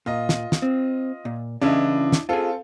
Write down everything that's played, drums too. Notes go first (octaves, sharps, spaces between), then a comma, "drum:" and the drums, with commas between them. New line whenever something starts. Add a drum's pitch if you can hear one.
A#2 F4 D#5
drum: snare
drum: snare
C4
A#2
C#3 E3 C#4 D4 E4 D#5
drum: snare
C4 F4 G#4 A4 F5